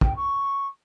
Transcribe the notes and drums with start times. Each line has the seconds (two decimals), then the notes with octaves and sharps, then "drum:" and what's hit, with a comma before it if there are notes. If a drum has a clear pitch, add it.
0.01 G5, drum: kick
0.16 C#6